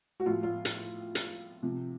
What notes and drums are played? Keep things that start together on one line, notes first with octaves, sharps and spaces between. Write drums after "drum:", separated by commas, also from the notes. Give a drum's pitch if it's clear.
F#4
A2 F3 F4
F4
drum: hi-hat
drum: hi-hat
C3 F3